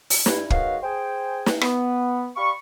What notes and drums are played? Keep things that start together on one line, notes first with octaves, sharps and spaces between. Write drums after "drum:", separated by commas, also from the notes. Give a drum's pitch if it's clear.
drum: open hi-hat
G2 E4, drum: snare
D#3 G#3 C#4 F#4 B4 F5, drum: kick
G#4 C5 G5
drum: snare
B3, drum: rim click
G4 D5 F5 B5 C#6